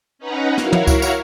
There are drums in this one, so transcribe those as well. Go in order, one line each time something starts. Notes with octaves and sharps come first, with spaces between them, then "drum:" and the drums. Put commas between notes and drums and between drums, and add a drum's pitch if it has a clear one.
C#4 D#4 B4 F#5 A#5
E4 F#4 A#4 C#5 F5, drum: snare
drum: tom
drum: kick C#2, tambourine
drum: tambourine